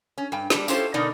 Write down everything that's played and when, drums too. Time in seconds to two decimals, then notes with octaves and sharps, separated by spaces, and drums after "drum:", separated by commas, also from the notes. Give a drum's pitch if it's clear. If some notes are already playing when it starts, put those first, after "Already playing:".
0.18 C#4
0.32 G2 G5
0.50 G3 D4, drum: snare
0.68 C#4 E4 F4 G4 A4 C5, drum: tambourine
0.94 B2 D3 D#4 A#4 D5